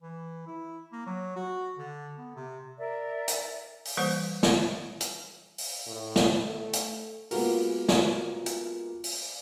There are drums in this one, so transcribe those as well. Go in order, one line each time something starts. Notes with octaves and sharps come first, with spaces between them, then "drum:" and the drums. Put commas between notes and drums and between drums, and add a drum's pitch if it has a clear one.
E3
E4
A#3
F#3
F#4
D3
B3
C3
A#4 D5 E5
drum: hi-hat
drum: open hi-hat
E3 G3 A#3 B4 C5
drum: snare
drum: hi-hat
drum: open hi-hat
A2
drum: snare
A3
drum: hi-hat
G#3 A#3 B3 F4 F#4 A#4, drum: open hi-hat
drum: snare
drum: hi-hat
drum: open hi-hat